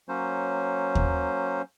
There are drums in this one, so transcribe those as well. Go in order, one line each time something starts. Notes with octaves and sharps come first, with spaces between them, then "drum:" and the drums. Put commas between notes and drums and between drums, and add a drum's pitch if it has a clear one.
F#3 A#3 C#4 C5
drum: kick D#2